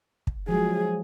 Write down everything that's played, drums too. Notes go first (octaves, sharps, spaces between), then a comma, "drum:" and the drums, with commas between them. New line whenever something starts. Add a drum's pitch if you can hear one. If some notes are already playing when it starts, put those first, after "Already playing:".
drum: kick
F3 F#3 G#3 G#4